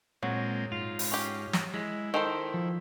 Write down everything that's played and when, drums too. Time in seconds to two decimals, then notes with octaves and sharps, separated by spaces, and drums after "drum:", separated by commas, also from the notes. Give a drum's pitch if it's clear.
0.23 A#2 F#3 G#3 C4
0.72 G#2 F4
0.99 drum: open hi-hat
1.11 C#4 G4
1.53 drum: snare
1.74 G#3 E4
2.14 D#3 A4 C5 G5
2.54 F3